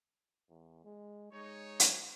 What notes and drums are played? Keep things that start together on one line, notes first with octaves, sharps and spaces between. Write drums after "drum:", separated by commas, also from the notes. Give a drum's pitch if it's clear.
E2
G#3
G#3 D#4 C#5
drum: hi-hat